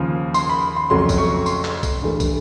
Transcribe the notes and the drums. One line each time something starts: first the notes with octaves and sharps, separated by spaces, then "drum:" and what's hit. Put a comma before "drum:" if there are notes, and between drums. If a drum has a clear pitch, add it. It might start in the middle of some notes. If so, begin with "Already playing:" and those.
Already playing: D#2 C#3 F3
C6, drum: tambourine
B5
C6
F2 C#3 F#3 A3 C6
drum: kick, tambourine
C#6
C6, drum: tambourine
drum: clap
drum: kick, tambourine
G2 E3 A3
drum: kick, tambourine